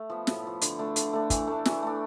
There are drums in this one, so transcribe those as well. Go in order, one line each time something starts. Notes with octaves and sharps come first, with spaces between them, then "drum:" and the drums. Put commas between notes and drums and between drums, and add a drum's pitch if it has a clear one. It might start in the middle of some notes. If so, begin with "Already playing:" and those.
Already playing: A3
F3 B3
A2, drum: snare
F3 B3
D3, drum: hi-hat
A3 D4
D3, drum: hi-hat
A3 D4
E3, drum: kick, hi-hat
A3 D4
E3, drum: snare
A3 D4